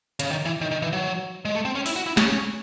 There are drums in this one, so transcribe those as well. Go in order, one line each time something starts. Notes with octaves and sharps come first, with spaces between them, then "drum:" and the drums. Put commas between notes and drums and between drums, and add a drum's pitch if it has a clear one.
C#3, drum: hi-hat
D#3
E3
D#3
D#3
E3
F#3
G#3
A3
C4
C#4
E4, drum: open hi-hat
F#4
E4
C#4, drum: snare